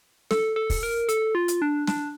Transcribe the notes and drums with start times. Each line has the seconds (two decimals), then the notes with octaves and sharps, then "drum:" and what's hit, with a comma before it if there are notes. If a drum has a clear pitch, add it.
0.31 A4, drum: snare
0.56 A4
0.70 drum: kick, open hi-hat
0.83 A#4
1.09 A4, drum: hi-hat
1.35 F4
1.48 drum: hi-hat
1.62 D4
1.87 D4, drum: snare